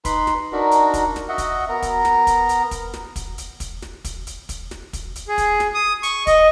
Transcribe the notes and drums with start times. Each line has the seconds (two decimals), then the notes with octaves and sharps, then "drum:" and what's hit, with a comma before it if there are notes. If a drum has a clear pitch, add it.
0.05 D#4 B4 B5 C6, drum: kick, hi-hat
0.27 drum: snare
0.52 D4 D#4 F#4 A#4
0.71 drum: hi-hat
0.94 drum: kick, hi-hat
1.16 drum: snare
1.29 F#4 D#5 E5 F#5
1.38 drum: kick, hi-hat
1.69 B3 A#4 A#5
1.82 drum: kick, hi-hat
2.05 drum: snare
2.27 drum: kick, hi-hat
2.49 drum: hi-hat
2.71 drum: kick, hi-hat
2.93 drum: snare
3.16 drum: kick, hi-hat
3.38 drum: hi-hat
3.60 drum: kick, hi-hat
3.82 drum: snare
4.05 drum: kick, hi-hat
4.27 drum: hi-hat
4.49 drum: kick, hi-hat
4.71 drum: snare
4.93 drum: kick, hi-hat
5.16 drum: hi-hat
5.28 G#4
5.38 drum: kick, hi-hat
5.60 drum: snare
5.75 D#6
6.03 C#6, drum: hi-hat
6.27 D#5, drum: kick, hi-hat